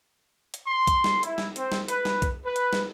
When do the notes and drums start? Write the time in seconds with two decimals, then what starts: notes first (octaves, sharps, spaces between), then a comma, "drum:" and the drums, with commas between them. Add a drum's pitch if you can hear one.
0.54 drum: hi-hat
0.67 C6
0.87 drum: kick C2, hi-hat
1.04 drum: snare
1.23 E4, drum: hi-hat
1.38 drum: snare
1.56 C4, drum: hi-hat
1.72 drum: snare
1.88 B4, drum: hi-hat
2.05 drum: snare
2.22 drum: kick C2, hi-hat
2.45 B4
2.56 drum: hi-hat
2.73 drum: snare